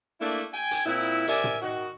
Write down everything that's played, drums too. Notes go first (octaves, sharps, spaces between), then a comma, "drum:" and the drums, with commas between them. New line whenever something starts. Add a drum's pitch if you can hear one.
A3 A#3 D4 E4
G5 G#5
drum: hi-hat
A#2 C4 E4
C3 A#4 D5 E5 G#5, drum: hi-hat
drum: tom
D#3 F#4